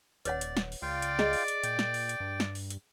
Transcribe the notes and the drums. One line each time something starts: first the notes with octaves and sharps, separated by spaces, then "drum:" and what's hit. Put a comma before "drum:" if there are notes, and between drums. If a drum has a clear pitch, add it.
D#1 B4 C#5 D5 F#5, drum: hi-hat
drum: hi-hat
drum: snare
drum: open hi-hat
C#2 F4 D5 F5 G5
drum: hi-hat
G#4 D#5, drum: snare
drum: open hi-hat
drum: hi-hat
A#2 G5, drum: hi-hat
drum: snare
drum: open hi-hat
drum: hi-hat
G2
drum: snare
drum: open hi-hat
drum: hi-hat